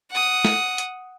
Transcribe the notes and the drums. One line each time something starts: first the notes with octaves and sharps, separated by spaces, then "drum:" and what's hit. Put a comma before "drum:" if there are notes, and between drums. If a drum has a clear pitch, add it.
F#5 D#6
drum: snare
drum: hi-hat